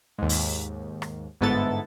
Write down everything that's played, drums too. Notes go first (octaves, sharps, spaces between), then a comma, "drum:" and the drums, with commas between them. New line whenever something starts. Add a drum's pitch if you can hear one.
D#2 G#2
drum: open hi-hat
drum: rim click
G1 G#2 B3 E4 A4 A6